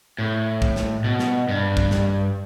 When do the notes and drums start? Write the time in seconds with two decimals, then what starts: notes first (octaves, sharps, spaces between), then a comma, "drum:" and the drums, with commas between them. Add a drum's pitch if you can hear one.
0.19 A2
0.62 drum: kick
0.76 drum: snare
1.04 B2
1.19 drum: snare
1.49 G2
1.77 drum: kick
1.91 drum: snare